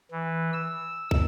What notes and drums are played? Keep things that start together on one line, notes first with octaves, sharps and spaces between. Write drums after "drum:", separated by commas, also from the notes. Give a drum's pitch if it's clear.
E3
E6
drum: kick